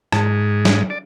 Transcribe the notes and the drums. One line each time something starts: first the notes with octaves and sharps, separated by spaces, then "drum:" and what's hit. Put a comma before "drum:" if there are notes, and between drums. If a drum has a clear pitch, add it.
G#2, drum: rim click
drum: snare
D5